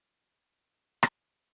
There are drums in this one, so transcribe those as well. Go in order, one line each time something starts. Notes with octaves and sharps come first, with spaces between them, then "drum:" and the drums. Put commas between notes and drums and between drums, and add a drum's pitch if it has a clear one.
G#1 D4
drum: rim click